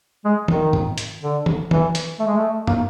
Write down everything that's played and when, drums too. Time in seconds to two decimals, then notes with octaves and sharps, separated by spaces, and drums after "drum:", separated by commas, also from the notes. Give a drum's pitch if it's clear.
0.25 G#3
0.48 D#3, drum: tom
0.73 drum: tom
0.98 drum: hi-hat
1.22 D3
1.46 drum: tom
1.71 E3, drum: tom
1.95 drum: hi-hat
2.20 A3
2.27 G#3
2.37 A3
2.67 A#3, drum: tom